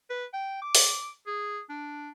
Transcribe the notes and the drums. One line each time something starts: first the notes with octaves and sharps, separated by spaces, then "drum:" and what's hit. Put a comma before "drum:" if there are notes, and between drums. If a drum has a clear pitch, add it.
B4
G5
D6
drum: open hi-hat
G#4
D4